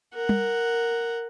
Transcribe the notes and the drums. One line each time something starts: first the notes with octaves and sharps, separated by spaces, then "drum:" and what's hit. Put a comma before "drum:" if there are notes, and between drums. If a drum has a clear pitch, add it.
A#4 F#5
drum: tom G3